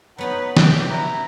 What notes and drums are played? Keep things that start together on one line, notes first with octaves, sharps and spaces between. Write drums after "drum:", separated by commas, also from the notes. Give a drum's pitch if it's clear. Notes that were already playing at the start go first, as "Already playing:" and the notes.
F#3 B3 D#4 B4 F#5
G4 B4, drum: snare
E4 A#5